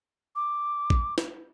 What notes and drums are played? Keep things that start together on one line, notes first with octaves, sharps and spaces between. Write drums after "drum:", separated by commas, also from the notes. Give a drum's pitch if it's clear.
D6
drum: kick
drum: snare